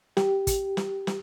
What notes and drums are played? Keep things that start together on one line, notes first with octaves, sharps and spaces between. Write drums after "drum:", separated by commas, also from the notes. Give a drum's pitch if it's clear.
G4, drum: snare
drum: kick, hi-hat
drum: snare
drum: snare